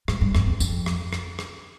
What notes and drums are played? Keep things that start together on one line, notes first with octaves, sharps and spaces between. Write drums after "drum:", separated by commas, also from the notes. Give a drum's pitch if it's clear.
G#2, drum: rim click
G2
F2, drum: rim click
E2
F2, drum: tambourine
drum: rim click
drum: rim click
drum: rim click